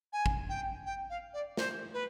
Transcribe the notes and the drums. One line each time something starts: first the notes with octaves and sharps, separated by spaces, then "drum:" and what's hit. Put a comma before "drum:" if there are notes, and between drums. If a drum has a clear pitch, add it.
G#5
drum: kick G#1
G5
G5
F5
D5
C5, drum: snare
B4